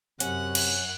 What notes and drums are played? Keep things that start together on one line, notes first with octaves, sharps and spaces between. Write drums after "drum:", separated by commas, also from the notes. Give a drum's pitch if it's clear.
F#2 C3 C#4 F#5, drum: hi-hat
drum: cymbal